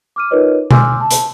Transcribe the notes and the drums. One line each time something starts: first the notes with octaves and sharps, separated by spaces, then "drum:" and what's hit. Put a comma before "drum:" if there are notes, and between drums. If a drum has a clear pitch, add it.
D6 F6 D#7
D#4 F4 A#4 B4 C#5 D#5
G#5 C6 D6 E6 F6 G6, drum: tom B2
A5
drum: hi-hat